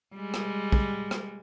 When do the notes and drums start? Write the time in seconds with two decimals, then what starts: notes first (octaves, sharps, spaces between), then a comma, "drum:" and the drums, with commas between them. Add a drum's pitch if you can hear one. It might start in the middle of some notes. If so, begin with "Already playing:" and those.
0.14 G3 G#3
0.34 drum: rim click
0.72 drum: kick
1.11 drum: rim click